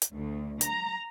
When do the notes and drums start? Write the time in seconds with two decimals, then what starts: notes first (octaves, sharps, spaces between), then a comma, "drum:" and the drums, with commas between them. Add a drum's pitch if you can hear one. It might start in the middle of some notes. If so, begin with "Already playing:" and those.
0.02 drum: hi-hat
0.11 D2
0.61 A#5, drum: hi-hat